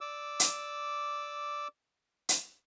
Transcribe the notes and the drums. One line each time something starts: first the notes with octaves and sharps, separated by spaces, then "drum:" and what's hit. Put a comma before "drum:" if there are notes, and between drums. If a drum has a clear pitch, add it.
D5 D6 E6
drum: hi-hat
drum: hi-hat